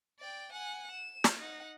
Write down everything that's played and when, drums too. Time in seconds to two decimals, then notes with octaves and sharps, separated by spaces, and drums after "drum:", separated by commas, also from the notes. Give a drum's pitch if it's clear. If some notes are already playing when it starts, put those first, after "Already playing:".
0.19 D5 G5
0.53 F#5 G#5
0.91 E7
1.24 drum: snare
1.39 D#4 F#5